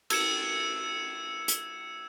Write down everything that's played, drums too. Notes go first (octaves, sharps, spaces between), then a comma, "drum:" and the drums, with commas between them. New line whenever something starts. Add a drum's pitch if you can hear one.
E6 G#6 C#7 E7, drum: cymbal
drum: hi-hat